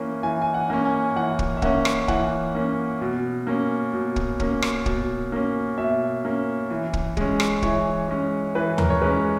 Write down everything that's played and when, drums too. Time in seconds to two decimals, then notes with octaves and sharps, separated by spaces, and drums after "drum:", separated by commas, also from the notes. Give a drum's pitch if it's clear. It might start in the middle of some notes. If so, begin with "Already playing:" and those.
Already playing: E3 A#3 C#4
0.23 E3 G#5
0.42 G#5
0.54 F#5
0.70 A#3 C#4
0.85 G#5
1.16 E3 F#5
1.39 drum: kick
1.57 E5
1.62 A#3 C#4 F#5, drum: kick
1.85 drum: rim click
2.08 E3 F#5, drum: kick
2.55 A#3 C#4
3.01 B2
3.47 A#3 C#4
3.93 B2
4.16 drum: kick
4.40 A#3 C#4, drum: kick
4.62 drum: rim click
4.86 B2, drum: kick
5.32 A#3 C#4
5.78 B2 E5
6.25 A#3 C#4
6.70 E3
6.93 drum: kick
7.17 G#3 C#4, drum: kick
7.40 drum: rim click
7.62 E3 C#5, drum: kick
8.09 G#3 C#4
8.55 E3 B4
8.78 A#4, drum: tom D#2
8.90 C#5
9.01 G#3 C#4 B4